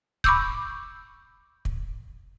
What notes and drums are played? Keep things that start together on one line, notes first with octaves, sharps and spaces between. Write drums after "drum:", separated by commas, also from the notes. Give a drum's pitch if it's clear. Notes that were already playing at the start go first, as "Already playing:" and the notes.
B5 C#6 D6 E6 G6, drum: kick
drum: kick